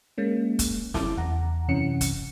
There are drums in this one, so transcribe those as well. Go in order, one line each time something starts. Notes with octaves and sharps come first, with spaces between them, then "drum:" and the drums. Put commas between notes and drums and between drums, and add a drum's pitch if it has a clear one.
G#3 A#3 C#4
drum: kick, hi-hat
C#3 E4 A5 D6, drum: snare
E2 F#5 A#5
F#2 C3 E3 C#4 F#5 C#7
drum: kick, hi-hat